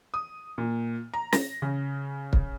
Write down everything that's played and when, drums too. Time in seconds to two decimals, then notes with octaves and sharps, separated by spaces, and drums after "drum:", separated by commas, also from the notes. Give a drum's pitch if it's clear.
0.14 D#6
0.58 A#2
1.14 A#5
1.33 A#6, drum: snare
1.62 C#3
2.33 drum: kick